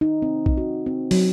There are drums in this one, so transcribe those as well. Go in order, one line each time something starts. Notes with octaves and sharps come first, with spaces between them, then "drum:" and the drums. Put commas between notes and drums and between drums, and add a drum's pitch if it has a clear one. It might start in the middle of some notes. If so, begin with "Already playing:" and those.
D#4
C4
drum: kick A#1
F#4
C4
F#3, drum: open hi-hat